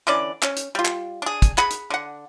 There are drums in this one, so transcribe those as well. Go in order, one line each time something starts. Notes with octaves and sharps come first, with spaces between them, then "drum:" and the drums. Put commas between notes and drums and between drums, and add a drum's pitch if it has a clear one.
D3 E3 C#4 D5
C#4, drum: clap
drum: hi-hat
G3 F4
drum: clap
D4 G#4
drum: kick, hi-hat
G#4 F#5 B5, drum: clap
drum: hi-hat
D3 F#5